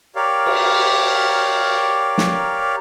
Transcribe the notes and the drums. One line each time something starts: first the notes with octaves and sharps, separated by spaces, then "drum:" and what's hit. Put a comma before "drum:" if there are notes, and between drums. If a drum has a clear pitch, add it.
G4 A#4 C#5 D5 F5
drum: cymbal
drum: snare